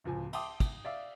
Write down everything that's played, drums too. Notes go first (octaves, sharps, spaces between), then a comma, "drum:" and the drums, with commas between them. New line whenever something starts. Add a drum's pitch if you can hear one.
D1 C#2 F3 G#5
E5 G5 A5 C6 D6 D#6, drum: cymbal
drum: kick, cymbal
D5 E5 F5